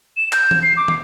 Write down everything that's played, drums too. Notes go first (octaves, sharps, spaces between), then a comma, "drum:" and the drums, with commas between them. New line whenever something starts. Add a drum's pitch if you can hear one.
E7
G6, drum: clap
drum: tom E3
C7
D6
drum: tom